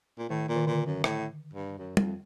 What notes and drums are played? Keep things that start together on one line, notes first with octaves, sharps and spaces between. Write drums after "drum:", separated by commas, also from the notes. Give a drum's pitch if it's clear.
A#2
A2 D#3
A#2
D#3
A#2 D3
F#2
A2, drum: rim click
G2
F#2
F2, drum: tom G3